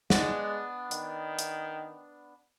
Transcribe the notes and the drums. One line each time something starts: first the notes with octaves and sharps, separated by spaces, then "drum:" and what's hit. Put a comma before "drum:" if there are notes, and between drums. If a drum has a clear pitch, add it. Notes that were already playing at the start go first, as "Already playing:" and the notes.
G#3 B3 D4, drum: snare
D#3, drum: hi-hat
drum: hi-hat